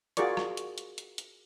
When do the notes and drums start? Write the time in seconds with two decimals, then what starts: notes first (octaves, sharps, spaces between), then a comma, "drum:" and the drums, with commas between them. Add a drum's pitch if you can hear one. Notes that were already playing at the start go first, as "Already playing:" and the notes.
0.17 F4 F#4 G#4 A#4 D5 C#6, drum: hi-hat
0.37 drum: rim click
0.57 drum: hi-hat
0.78 drum: hi-hat
0.98 drum: hi-hat
1.18 drum: hi-hat